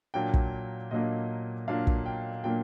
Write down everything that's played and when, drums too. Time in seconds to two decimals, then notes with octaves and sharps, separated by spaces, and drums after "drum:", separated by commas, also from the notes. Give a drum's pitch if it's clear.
0.14 A#2 F#3 A#3 D4 G5
0.34 drum: kick
0.91 A#2 F#3 A#3 D4 D#5
1.68 A#2 F#3 A#3 D4 F5
1.87 drum: kick
2.06 G5
2.44 A#2 F#3 A#3 D4 G5